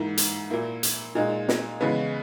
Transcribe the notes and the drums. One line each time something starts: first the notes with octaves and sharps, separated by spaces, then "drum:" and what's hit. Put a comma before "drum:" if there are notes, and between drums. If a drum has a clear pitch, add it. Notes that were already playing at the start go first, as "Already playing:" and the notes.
Already playing: G#2 E3 A#3 E4
drum: hi-hat
A#2 A#3 E4
drum: hi-hat
A#2 G#3 D#4
drum: snare
C#3 E3 G#3 B3